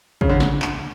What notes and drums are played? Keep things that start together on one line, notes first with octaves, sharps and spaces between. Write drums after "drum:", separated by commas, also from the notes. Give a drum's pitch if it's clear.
C#3, drum: kick
D3
drum: snare
drum: clap